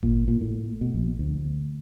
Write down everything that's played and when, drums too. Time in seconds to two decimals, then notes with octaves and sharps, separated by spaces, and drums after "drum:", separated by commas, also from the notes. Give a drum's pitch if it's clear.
0.03 A#2, drum: kick G#1
0.28 A#2
0.41 A2
0.81 B2
0.94 A#1
1.19 D2